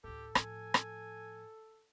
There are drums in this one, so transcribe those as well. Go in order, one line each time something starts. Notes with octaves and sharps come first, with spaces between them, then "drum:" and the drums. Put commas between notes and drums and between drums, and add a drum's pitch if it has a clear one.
A1 D2 G4 A4
A2 F3 G#5, drum: rim click
drum: rim click